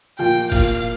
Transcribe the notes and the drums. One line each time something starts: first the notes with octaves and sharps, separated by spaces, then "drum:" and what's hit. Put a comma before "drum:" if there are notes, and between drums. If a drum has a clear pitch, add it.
A#2 F3 A#3 F4 G5
A#2 F3 A#3 F4 F5, drum: kick F#1, cymbal